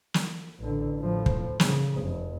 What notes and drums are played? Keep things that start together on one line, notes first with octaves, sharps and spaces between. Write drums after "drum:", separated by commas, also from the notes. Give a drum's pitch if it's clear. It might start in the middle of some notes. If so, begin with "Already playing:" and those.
drum: snare
A1 D3
A2 F3
drum: kick
C#3, drum: snare
F1